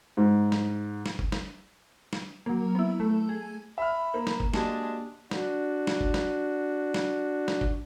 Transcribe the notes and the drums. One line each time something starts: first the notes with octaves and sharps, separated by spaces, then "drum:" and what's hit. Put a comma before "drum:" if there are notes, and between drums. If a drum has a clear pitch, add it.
G#2
drum: snare
drum: snare
drum: kick G1
drum: snare
drum: snare
F#3 A#3
B3 E4
A3
G#4
E5 B5 F6
A#3
drum: snare
drum: kick G1
G#3 A#3 D4 F#4 G4 A5, drum: snare
D4 F#4, drum: snare
drum: snare
drum: kick G1
drum: snare
drum: snare
drum: snare
drum: kick G1